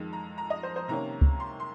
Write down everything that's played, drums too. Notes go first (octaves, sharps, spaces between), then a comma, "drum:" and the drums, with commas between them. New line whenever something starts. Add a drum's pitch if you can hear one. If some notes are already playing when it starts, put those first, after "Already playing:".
Already playing: F2 D#3 G#3
A#5
A#5
D#5
C5
C5
C3 D#3 A#3 C#4 A#5
drum: kick C#2
C6
C6